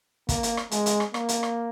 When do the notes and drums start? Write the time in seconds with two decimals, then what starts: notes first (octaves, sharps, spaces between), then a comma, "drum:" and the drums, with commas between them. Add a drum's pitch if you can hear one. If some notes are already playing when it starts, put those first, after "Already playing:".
0.29 A#3, drum: kick, hi-hat
0.43 drum: hi-hat
0.57 drum: rim click
0.71 G#3, drum: hi-hat
0.86 drum: hi-hat
1.00 drum: rim click
1.14 A#3, drum: rim click
1.29 drum: hi-hat
1.43 drum: rim click